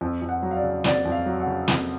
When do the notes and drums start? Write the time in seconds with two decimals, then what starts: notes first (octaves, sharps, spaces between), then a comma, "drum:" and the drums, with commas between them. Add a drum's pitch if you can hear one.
0.01 F2
0.22 F2
0.29 F#5
0.43 F#3
0.51 F5
0.57 D5
0.63 C#3
0.84 F2 D5, drum: snare
1.05 F2
1.12 F5
1.26 F#3
1.40 F#5
1.47 C#3
1.68 F2, drum: snare